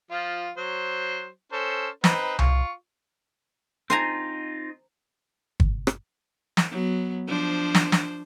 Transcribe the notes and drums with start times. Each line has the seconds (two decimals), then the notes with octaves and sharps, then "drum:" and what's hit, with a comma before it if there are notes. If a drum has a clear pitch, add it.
0.11 F3 F4
0.57 F#3 C5
1.52 C#4 A4 C5
2.04 C4 D#4 B4, drum: snare
2.39 F4 C#6, drum: tom C2
3.90 C4 D#4 F4 C5 G#5 A#5
5.60 drum: kick
5.87 drum: rim click
6.57 drum: snare
6.71 F#3 B3
7.28 F3 D4 C5
7.75 drum: snare
7.92 drum: snare